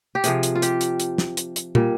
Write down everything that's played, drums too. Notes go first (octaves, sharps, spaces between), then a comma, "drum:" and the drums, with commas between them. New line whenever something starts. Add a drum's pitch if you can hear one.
G4
C3 F3 G#4, drum: hi-hat
drum: hi-hat
F4
G4, drum: hi-hat
drum: hi-hat
drum: hi-hat
drum: snare
drum: hi-hat
drum: hi-hat
A#2 G3, drum: tom